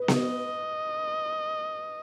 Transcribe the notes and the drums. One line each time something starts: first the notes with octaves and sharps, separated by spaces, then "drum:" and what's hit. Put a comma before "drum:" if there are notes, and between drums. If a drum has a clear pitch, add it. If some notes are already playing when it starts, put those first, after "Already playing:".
Already playing: B4
D#5, drum: snare B3